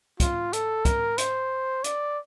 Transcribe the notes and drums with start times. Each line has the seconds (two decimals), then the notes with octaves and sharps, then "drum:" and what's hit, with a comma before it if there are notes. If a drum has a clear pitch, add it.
0.20 F4, drum: kick, hi-hat
0.53 A4, drum: hi-hat
0.85 A#4, drum: kick, hi-hat
1.18 C5, drum: hi-hat
1.84 D5, drum: hi-hat